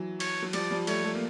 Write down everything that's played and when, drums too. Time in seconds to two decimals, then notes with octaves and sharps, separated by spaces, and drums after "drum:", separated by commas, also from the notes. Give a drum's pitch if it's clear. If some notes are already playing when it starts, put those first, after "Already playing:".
Already playing: E3 F#3
0.20 C#5, drum: cymbal
0.42 F#3
0.53 F3 G3 D5, drum: cymbal
0.71 F3 G3
0.87 G3 A3 C#5, drum: cymbal
1.05 G3 A3
1.15 A#3